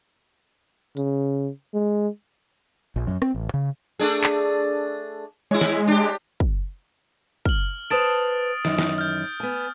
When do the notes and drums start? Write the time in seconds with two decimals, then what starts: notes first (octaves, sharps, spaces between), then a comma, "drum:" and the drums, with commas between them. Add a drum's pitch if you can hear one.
0.97 C#3, drum: hi-hat
1.74 G#3
2.96 A#1
3.07 F#2
3.22 C4, drum: rim click
3.35 A1
3.54 C#3
3.99 A3 D4 G#4
4.24 drum: clap
5.51 G#3 E4 C#5
5.61 drum: snare
5.87 D4 G4
6.40 drum: kick
7.46 F6 F#7, drum: kick
7.90 B4 C5 A5 D#6 A6 D7
8.65 F#2 D#3 E3, drum: snare
8.79 drum: snare
8.98 F6 G6
9.40 B3 G#5